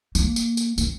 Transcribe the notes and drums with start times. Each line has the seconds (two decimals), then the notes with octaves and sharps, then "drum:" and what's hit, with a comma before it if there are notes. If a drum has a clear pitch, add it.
0.15 A#3, drum: tambourine
0.36 drum: tambourine
0.57 drum: tambourine
0.78 C4, drum: tambourine